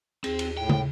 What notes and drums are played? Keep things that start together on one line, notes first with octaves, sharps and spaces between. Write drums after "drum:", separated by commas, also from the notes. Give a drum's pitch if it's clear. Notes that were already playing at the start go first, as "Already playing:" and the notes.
D#2 C4 G#4, drum: cymbal
drum: cymbal
A2 G5
drum: tom